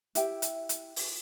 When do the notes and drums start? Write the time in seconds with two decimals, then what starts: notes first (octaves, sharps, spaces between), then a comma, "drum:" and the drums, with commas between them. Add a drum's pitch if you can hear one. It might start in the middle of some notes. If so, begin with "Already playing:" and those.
0.15 E4 G4 E5 G5, drum: hi-hat
0.42 drum: hi-hat
0.69 drum: hi-hat
0.96 drum: open hi-hat